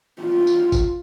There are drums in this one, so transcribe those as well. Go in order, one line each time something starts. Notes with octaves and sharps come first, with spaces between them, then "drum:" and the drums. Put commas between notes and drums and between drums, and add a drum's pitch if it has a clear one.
F4
drum: tambourine
drum: kick, tambourine